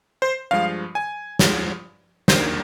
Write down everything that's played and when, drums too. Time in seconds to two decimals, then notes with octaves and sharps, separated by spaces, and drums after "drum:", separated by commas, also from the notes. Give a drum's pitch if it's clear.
0.22 C5
0.51 G2 F3 G#3 F5
0.95 G#5
1.39 G2 F3 G#3, drum: snare
2.28 D#2 D#3 A#3 D4 C5, drum: snare